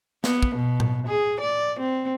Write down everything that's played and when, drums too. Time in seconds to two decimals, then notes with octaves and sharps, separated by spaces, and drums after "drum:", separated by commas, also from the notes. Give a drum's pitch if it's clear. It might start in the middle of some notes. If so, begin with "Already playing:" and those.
0.24 B3, drum: snare
0.43 drum: kick
0.56 B2
0.80 drum: tom A2
1.07 G#4
1.40 D5
1.79 C4